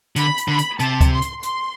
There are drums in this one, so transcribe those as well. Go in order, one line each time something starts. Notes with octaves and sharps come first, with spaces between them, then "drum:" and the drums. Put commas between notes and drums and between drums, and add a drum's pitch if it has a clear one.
D3 B5, drum: hi-hat
drum: hi-hat
D3 B5
drum: hi-hat
C3 A5, drum: hi-hat
drum: kick C#2, hi-hat
C6
drum: hi-hat
C6, drum: hi-hat